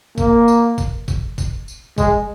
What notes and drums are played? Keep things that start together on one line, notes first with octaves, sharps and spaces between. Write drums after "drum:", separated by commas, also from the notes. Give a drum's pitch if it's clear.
A#3, drum: kick G1, tambourine
drum: tambourine
drum: kick G1, tambourine
drum: kick G1, tambourine
drum: kick G1, tambourine
drum: tambourine
G#3, drum: kick G1, tambourine